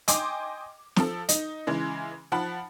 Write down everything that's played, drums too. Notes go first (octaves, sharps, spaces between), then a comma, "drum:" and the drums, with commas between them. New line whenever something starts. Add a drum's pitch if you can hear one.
D#5 G5 G#5 C6 D6, drum: hi-hat
F3 A4, drum: snare
D#4, drum: hi-hat
C#3 E3 G#3
F3 F#5 A5 B5